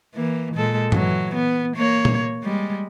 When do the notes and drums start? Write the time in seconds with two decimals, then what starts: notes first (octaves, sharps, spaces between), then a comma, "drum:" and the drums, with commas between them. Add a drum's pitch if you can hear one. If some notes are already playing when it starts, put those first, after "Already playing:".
0.15 E3 A#3
0.55 A#2 G#3 A4
0.92 E3 F#3, drum: tom G2
1.35 B3
1.76 A#3 C#5
2.05 drum: tom A#2
2.43 G3 G#3